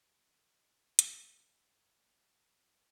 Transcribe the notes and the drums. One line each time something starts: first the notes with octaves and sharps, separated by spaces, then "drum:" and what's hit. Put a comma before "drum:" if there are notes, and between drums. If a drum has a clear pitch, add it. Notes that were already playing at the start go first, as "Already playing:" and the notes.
D3
drum: hi-hat
C#3 F#3 A#3
G1 A#4 F#5
A#3 C#5 D5
F#2 F#4